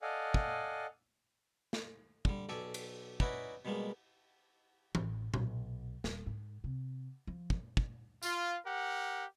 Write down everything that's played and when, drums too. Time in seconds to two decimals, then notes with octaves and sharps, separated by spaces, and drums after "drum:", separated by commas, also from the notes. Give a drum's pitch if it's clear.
0.02 A4 D5 D#5 F5 F#5 G#5
0.34 drum: kick
1.73 drum: snare
2.25 D3 G3, drum: kick
2.49 B1 G4 A4 D5 G#5
2.74 drum: cymbal
3.20 C#4 D#4 E4 F#4 B4 D5, drum: kick
3.65 B2 G3 G#3 A#3
4.95 A1, drum: tom E3
5.34 B1, drum: tom A#2
6.04 D#1, drum: snare
6.26 G#2
6.64 C3
7.27 F3
7.50 drum: kick
7.77 drum: kick
8.23 F4, drum: tambourine
8.66 G4 A#4 F#5